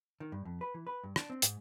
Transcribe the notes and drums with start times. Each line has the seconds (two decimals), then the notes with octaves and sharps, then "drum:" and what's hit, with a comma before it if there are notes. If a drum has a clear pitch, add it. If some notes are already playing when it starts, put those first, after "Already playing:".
0.20 D#3
0.32 G2
0.45 F2
0.61 B4
0.74 E3
0.87 B4
1.04 G2
1.16 D4, drum: rim click
1.30 C4
1.42 G#2, drum: hi-hat